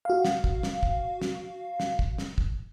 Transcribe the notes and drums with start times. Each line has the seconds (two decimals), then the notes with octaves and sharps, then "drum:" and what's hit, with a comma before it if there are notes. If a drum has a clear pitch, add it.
0.05 F#4 F5
0.25 drum: snare
0.44 drum: kick
0.63 drum: snare
0.83 drum: kick
1.22 drum: snare
1.80 drum: snare
1.99 drum: kick
2.18 drum: snare
2.38 drum: kick